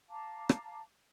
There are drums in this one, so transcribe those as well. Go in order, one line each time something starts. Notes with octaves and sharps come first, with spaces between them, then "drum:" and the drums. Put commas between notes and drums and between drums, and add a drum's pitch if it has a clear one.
F5 A5 A#5 D6
drum: rim click